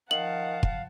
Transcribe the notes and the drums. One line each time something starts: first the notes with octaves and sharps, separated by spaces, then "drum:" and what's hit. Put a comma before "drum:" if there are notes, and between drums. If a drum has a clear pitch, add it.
D#3 F3 F5 F#5 A5 F#7
drum: kick